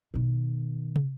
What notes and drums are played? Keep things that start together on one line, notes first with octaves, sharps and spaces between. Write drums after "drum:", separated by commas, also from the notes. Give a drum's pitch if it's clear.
B2 D#3
drum: tom